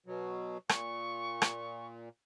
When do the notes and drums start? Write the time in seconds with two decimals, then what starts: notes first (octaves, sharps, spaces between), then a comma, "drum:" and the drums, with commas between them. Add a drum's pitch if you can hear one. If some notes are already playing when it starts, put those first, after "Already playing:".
0.06 B2 F#3
0.69 A#2 C#6, drum: rim click
1.42 drum: rim click